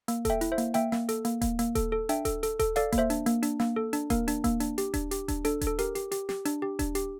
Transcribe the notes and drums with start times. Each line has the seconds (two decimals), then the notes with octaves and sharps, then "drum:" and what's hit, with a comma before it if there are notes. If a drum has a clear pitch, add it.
0.08 A#3, drum: hi-hat
0.25 A4 E5 G5, drum: kick D#1, hi-hat
0.41 E4, drum: hi-hat
0.52 C5 E5
0.58 A#3, drum: hi-hat
0.74 A#3 E5 G5, drum: hi-hat
0.92 A#3, drum: snare
1.09 A4, drum: hi-hat
1.25 A#3, drum: hi-hat
1.42 A#3, drum: kick D#1, hi-hat
1.59 A#3, drum: hi-hat
1.75 A4, drum: kick D#1, hi-hat
1.92 A4
2.09 D4 E5 G5, drum: hi-hat
2.25 A4, drum: kick D#1, hi-hat
2.43 A4, drum: hi-hat
2.60 A4, drum: kick D#1, hi-hat
2.76 A4 D5 F5, drum: hi-hat
2.92 A#3, drum: kick D#1, hi-hat
2.98 C5 E5
3.10 D4, drum: hi-hat
3.26 A#3, drum: hi-hat
3.43 D4, drum: hi-hat
3.60 A#3, drum: snare
3.76 A4
3.93 D4, drum: hi-hat
4.10 A#3 A#4, drum: kick D#1, hi-hat
4.28 D4, drum: hi-hat
4.44 A#3, drum: kick D#1, hi-hat
4.60 D4, drum: hi-hat
4.78 G4, drum: hi-hat
4.94 D4, drum: kick D#1, hi-hat
5.11 G4, drum: hi-hat
5.28 D4, drum: kick D#1, hi-hat
5.45 D4 A4, drum: hi-hat
5.61 D4, drum: kick D#1, hi-hat
5.67 A4
5.79 G4 A#4, drum: hi-hat
5.95 G4, drum: hi-hat
6.12 G4, drum: hi-hat
6.29 G4, drum: snare
6.45 D4, drum: hi-hat
6.62 G4
6.79 D4, drum: kick D#1, hi-hat
6.95 G4, drum: hi-hat